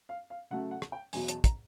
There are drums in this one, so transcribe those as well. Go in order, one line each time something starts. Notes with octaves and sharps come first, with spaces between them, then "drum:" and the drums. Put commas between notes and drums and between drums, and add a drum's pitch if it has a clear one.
F5
F5
C#3 F#3 A3 F#5
F#5
drum: rim click
G5
E2 B2 F#3 G#5, drum: open hi-hat
A5, drum: hi-hat
A#5, drum: kick, hi-hat